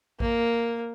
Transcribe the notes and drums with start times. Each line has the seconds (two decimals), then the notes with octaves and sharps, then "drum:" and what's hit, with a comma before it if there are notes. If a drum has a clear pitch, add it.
0.20 A#3, drum: kick A1